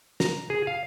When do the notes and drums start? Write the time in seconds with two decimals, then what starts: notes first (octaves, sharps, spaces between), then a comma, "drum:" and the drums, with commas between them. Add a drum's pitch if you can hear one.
0.20 A#5, drum: snare
0.50 G#4
0.67 F5